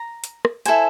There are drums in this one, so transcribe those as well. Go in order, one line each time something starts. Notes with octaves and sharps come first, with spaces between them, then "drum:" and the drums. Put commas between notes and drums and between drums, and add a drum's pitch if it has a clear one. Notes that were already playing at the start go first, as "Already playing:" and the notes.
Already playing: A#5
drum: hi-hat
drum: rim click
E4 A4 C5 G#5, drum: hi-hat